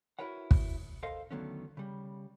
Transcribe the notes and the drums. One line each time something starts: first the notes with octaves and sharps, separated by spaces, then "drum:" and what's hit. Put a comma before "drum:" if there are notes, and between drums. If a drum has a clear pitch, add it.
E4 F#4 A#4 B4 C#5 F#5
drum: kick
A4 A#4 C5 D#5 F5
D3 D#3 F#3 A3 B3 C#4
C#3 G3